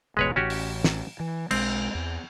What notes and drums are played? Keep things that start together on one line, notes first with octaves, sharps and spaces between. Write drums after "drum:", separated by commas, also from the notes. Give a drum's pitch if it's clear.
D#1 A1 B2 G#3 B4 C#5
A1 C#4 F#4 G4
drum: open hi-hat
drum: snare
E3
B1 G#3 C4, drum: cymbal
E2